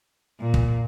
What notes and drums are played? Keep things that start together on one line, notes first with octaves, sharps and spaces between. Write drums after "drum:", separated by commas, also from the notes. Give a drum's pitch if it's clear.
A#2
drum: kick